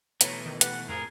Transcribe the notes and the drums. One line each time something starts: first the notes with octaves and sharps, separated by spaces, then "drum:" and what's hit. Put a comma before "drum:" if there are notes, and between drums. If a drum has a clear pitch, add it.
B2 E3 A3 B4 C#5 A#5, drum: hi-hat
D#3
G4 B4 F#5, drum: hi-hat
F2 A2 G#4 A#4